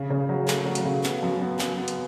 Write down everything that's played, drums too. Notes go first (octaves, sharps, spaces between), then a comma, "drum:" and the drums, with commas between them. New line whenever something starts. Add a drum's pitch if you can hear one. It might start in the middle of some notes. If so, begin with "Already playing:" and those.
Already playing: C#3
C#3
F#3
A3, drum: clap
F#3
drum: hi-hat
C#3
B3, drum: clap
F#2
B3
F#2, drum: clap
B3
drum: hi-hat